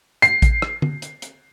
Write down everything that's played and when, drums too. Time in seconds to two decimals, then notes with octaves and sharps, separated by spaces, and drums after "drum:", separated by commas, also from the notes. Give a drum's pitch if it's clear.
0.22 C7, drum: hi-hat
0.42 drum: kick A1, hi-hat
0.62 drum: rim click
0.82 drum: tom D3
1.02 drum: hi-hat
1.22 drum: hi-hat